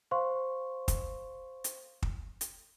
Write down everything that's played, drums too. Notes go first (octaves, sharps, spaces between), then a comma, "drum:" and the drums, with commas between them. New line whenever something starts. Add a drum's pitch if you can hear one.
C5 F5 C6 C#6
drum: kick, hi-hat
drum: hi-hat
drum: kick
drum: hi-hat